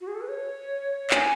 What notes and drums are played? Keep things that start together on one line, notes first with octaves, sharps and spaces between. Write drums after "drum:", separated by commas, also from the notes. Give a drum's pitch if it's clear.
F#4
G#4
A4
B4
C#5
G#5, drum: clap